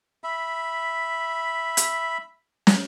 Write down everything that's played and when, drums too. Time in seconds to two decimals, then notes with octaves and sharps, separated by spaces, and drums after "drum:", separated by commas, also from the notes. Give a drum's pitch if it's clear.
0.24 E5 B5
1.77 drum: hi-hat
2.67 drum: snare